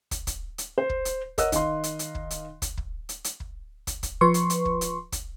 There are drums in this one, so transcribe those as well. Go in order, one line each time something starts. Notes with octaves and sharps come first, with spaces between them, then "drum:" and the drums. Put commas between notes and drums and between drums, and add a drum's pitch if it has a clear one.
drum: kick, hi-hat
drum: kick, hi-hat
drum: hi-hat
C5
drum: kick
drum: hi-hat
A#4 C#5 D#5 F#5 E6 F#6, drum: kick, hi-hat
D#3 D#5 F5 C6, drum: kick, hi-hat
drum: hi-hat
drum: hi-hat
drum: kick
drum: hi-hat
drum: kick, hi-hat
drum: kick
drum: hi-hat
drum: hi-hat
drum: kick
drum: kick, hi-hat
drum: kick, hi-hat
F3 B4 C6 C#6
drum: hi-hat
drum: hi-hat
drum: kick
drum: hi-hat
drum: kick, hi-hat